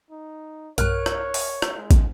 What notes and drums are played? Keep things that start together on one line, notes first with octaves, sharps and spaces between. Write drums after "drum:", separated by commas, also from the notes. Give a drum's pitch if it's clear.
D#4
B1 G2 A#4 C#5 F6 F#6, drum: hi-hat
drum: rim click
drum: open hi-hat
drum: rim click
G#3
drum: kick, hi-hat